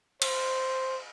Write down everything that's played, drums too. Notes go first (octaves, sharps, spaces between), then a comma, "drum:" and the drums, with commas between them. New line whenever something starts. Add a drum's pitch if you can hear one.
C5, drum: cymbal